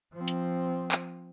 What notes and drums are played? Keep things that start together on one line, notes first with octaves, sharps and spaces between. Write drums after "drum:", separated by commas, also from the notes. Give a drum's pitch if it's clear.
F3 C4
drum: hi-hat
drum: clap